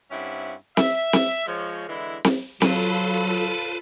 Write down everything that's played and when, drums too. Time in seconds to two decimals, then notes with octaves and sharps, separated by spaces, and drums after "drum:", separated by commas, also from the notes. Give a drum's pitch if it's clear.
0.11 G2 C4 C#4 E4 E5 F#5
0.77 E5, drum: snare C4
1.13 drum: snare C4
1.46 F3 G#3 C#5
1.89 D3 E3 G#3 E4
2.24 drum: snare C4
2.62 F#3 F4 A4 B4 C5 B5, drum: snare C4